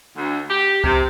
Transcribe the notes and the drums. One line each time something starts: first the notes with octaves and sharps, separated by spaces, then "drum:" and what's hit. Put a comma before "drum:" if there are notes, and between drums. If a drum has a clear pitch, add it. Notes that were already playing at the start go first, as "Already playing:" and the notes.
D2
G4
C3, drum: kick C2